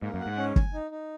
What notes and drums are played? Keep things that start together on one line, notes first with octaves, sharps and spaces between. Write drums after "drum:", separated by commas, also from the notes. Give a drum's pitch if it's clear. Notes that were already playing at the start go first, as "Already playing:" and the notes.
G#2 A#3
F#2
F#5
G#2
C#4
G#5, drum: kick
D#4
D#4